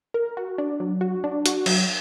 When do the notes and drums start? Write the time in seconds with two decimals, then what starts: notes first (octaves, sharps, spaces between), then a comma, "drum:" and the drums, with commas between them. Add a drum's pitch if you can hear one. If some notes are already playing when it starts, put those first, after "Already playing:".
0.14 A#4
0.37 F#4
0.58 D4
0.80 F#3
1.01 F#4
1.24 D4
1.46 F#4, drum: hi-hat
1.66 F#3, drum: cymbal